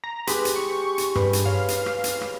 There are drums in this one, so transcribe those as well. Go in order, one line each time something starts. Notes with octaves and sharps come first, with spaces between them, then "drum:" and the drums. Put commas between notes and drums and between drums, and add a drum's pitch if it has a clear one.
A#5
G#3 G4 B4, drum: hi-hat
drum: hi-hat
C#6
drum: hi-hat
G2 B4, drum: rim click
drum: hi-hat
C#5 F5
drum: hi-hat
drum: rim click
drum: hi-hat
drum: rim click